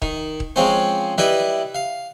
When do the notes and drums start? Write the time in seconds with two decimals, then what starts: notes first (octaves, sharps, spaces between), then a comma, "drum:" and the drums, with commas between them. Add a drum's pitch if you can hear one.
0.02 D#3, drum: kick D#1
0.40 drum: kick D#1
0.56 F3 G#3 C4 C#4 C5
1.18 G3 E4 B4 D#5, drum: snare
1.75 F5